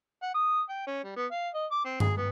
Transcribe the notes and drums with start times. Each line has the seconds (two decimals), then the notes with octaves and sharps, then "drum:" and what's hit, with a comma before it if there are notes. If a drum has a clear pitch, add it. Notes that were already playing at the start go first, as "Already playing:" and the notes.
0.22 F#5
0.34 D#6
0.69 G5
0.87 C#4
1.04 G3
1.16 B3
1.31 F5
1.54 D#5
1.71 D6
1.85 C4
2.00 G#4, drum: tom G2
2.17 B3